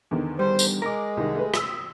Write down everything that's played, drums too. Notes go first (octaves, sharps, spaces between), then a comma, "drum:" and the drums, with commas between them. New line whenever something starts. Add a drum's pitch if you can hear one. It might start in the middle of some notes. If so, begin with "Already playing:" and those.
E2 D3 D#3
G3 C5
drum: tambourine
G#3 A#4 D6 A#6
C2 D#3
A3 B4
D#6 E6, drum: rim click